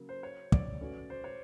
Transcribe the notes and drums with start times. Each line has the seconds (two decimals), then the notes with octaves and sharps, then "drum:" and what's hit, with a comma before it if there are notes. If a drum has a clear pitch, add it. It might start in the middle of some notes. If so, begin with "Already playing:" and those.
Already playing: C#3 F#3 A#3
0.09 C5
0.23 C#5
0.52 D5, drum: kick
0.81 A3 C#4 F#4 B4
1.10 C5
1.24 C#5